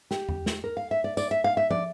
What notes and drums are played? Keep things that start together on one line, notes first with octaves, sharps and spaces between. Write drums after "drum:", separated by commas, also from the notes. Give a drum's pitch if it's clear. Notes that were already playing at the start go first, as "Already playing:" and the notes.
G4, drum: snare
drum: tom E2
drum: snare
A#4
F5
E5
D5
D5, drum: tambourine
E5
F5
E5
D5, drum: tom